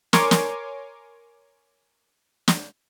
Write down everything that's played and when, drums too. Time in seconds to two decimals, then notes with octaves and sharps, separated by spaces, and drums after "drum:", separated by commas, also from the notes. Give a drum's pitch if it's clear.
0.13 A#4 C#5 G#5 C6 D6, drum: snare
0.31 drum: snare
2.48 drum: snare